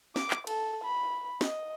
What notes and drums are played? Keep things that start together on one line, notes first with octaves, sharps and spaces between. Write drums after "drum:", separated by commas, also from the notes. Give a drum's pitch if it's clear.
D6, drum: snare
drum: clap
A4, drum: cymbal
B5
D#5, drum: snare